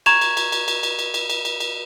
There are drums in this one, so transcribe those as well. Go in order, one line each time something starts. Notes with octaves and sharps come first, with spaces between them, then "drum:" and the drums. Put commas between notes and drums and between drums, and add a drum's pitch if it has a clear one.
A#5 C#6 G#6 E7 F7, drum: cymbal
drum: cymbal
drum: cymbal
drum: cymbal
drum: cymbal
drum: cymbal
drum: cymbal
drum: cymbal
drum: cymbal
drum: cymbal
drum: cymbal